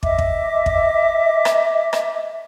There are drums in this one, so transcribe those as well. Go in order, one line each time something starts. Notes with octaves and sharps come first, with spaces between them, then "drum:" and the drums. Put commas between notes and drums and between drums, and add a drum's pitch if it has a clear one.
D#5 E5 D6, drum: kick
drum: kick
drum: kick
drum: rim click
drum: rim click